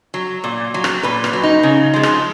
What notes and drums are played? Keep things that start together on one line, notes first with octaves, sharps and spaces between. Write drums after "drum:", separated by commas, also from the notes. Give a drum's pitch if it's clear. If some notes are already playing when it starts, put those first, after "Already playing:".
F#3
A#2
F#3
drum: rim click
A#2 B4
drum: rim click
F#3
D#4
C#3
F3 G#3
drum: rim click